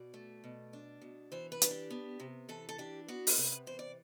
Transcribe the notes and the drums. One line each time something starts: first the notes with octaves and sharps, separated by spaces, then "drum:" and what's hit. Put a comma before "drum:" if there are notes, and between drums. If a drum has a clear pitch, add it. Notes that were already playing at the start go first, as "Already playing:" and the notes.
Already playing: B2 D5
A3
B2
D4
B2
E3 C5
B4
D4, drum: hi-hat
G4
B3
C3
E3 A4
A4
D4 G4
B3 F#4
drum: open hi-hat
C3 B4
E3 C5
D5